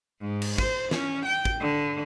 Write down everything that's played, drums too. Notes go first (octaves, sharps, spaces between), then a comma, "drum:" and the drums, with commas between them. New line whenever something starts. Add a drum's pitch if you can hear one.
G#2
drum: cymbal
C5, drum: kick
C#4, drum: snare
G5
drum: kick
D3